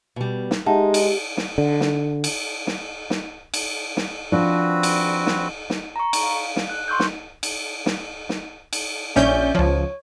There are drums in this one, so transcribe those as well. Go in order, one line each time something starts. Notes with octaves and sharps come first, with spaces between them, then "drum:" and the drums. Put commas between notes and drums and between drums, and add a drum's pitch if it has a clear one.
B2 G3
drum: snare
G#3 D#4 G4 E5 F#5 A5
drum: cymbal
drum: snare
D3
drum: snare
drum: cymbal
drum: snare
drum: snare
drum: cymbal
drum: snare
F3 C4 D4 F#4 B4
drum: cymbal
drum: snare
drum: snare
A#5 C#6
drum: cymbal
F5
drum: snare
F#6
C6 C#6 E6 G6
drum: snare
drum: cymbal
drum: snare
drum: snare
drum: cymbal
A#1 C#4 D5 E5 G6, drum: snare
C#2 F3 C#5